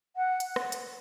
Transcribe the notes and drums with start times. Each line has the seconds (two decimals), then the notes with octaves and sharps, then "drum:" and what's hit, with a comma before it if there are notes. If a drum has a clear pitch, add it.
0.16 F#5
0.40 drum: hi-hat
0.56 drum: rim click
0.72 drum: hi-hat